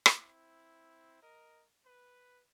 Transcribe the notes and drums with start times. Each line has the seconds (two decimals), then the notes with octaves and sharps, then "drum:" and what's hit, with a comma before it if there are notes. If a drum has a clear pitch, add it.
0.06 drum: rim click
0.19 C4 E4
1.23 A#4 D#5
1.86 B4